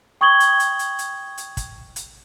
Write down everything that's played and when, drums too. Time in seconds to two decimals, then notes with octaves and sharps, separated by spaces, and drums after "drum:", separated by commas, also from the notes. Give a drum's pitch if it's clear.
0.21 G5 C#6 D#6 G#6 F#7 G7
0.40 drum: hi-hat
0.60 drum: hi-hat
0.79 drum: hi-hat
0.99 drum: hi-hat
1.38 drum: hi-hat
1.57 drum: kick, hi-hat
1.96 drum: hi-hat